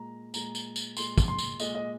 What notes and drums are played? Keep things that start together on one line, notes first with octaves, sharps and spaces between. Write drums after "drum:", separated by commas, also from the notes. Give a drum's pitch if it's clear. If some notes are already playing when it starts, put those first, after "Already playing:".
Already playing: A#2 G#3 A#5
A#2 G#3 A#5, drum: tambourine
drum: tambourine
drum: tambourine
A#2 G#3 C6, drum: tambourine
drum: kick, tambourine
C6
drum: tambourine
A#2 G#3 D#5, drum: tambourine
D#5